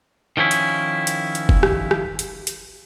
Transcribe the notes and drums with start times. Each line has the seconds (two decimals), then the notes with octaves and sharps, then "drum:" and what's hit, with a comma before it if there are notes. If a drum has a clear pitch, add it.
0.37 D#3 F3 C#4 E4
0.51 drum: hi-hat
1.07 drum: hi-hat
1.35 drum: hi-hat
1.49 drum: kick F#1
1.63 drum: rim click
1.91 drum: rim click
2.19 drum: hi-hat
2.47 drum: hi-hat